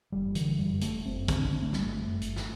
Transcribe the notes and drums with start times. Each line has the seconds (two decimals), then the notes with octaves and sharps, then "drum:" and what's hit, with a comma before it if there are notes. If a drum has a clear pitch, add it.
0.12 F#1 G3
0.35 D3 E3, drum: hi-hat
0.58 F#2 G3
0.81 F#1 A3, drum: hi-hat
1.06 F#1 C4
1.28 D3 C4, drum: kick, hi-hat
1.40 D4
1.51 D3 C4
1.62 A3
1.73 G1 G3, drum: snare
1.82 A3
1.98 F#2
2.22 G1, drum: hi-hat
2.36 drum: snare